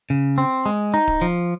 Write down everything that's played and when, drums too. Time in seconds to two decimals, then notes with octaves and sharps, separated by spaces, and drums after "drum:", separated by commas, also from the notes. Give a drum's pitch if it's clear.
0.10 C#3
0.38 C4
0.66 G#3
0.94 D#4
1.08 drum: kick D1
1.22 F3